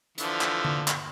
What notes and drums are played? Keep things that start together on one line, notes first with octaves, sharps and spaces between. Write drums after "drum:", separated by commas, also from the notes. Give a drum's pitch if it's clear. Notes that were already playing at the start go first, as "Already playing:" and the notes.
D3 E3 F3, drum: hi-hat
drum: clap
drum: tom D3
drum: clap